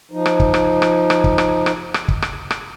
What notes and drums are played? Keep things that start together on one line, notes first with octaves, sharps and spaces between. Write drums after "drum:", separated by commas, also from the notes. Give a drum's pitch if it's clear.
F3 D#4
drum: rim click
drum: kick
drum: rim click
drum: rim click
drum: rim click
drum: kick
drum: rim click
drum: rim click
drum: rim click
drum: kick
drum: rim click
drum: rim click